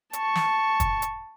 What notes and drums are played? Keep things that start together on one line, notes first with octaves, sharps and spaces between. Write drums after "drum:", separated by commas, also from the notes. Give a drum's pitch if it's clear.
A5 C#6, drum: hi-hat
drum: snare
drum: kick, hi-hat
drum: hi-hat